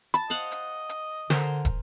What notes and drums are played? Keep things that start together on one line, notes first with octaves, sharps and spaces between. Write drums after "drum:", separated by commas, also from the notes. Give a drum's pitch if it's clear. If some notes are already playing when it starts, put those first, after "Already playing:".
A5 B5, drum: hi-hat
C5 D#5 F5 F#5
drum: hi-hat
drum: hi-hat
D3 A#4 C5 G#5, drum: snare
drum: kick, hi-hat